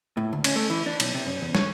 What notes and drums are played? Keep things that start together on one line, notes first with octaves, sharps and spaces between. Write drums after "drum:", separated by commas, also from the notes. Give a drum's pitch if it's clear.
A2
D2
C#4, drum: cymbal
A3
E3
D4
B1, drum: cymbal
C3
F#2
E2
C#5, drum: snare